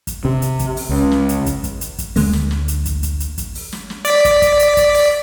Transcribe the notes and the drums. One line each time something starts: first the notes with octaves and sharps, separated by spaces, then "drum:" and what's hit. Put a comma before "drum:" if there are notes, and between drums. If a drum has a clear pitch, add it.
drum: kick, hi-hat
C3, drum: kick
drum: hi-hat
drum: kick, hi-hat
drum: open hi-hat
C#2
drum: snare
drum: hi-hat
drum: kick, hi-hat
drum: kick, hi-hat
drum: hi-hat
drum: kick, hi-hat
D2 D3 G#3 A#3, drum: open hi-hat
drum: snare
drum: snare
drum: hi-hat
drum: kick, hi-hat
drum: kick, hi-hat
drum: hi-hat
drum: kick, hi-hat
drum: open hi-hat
drum: snare
drum: snare
D5 B6, drum: hi-hat
drum: kick, hi-hat
drum: kick, hi-hat
drum: hi-hat
drum: kick, hi-hat
drum: open hi-hat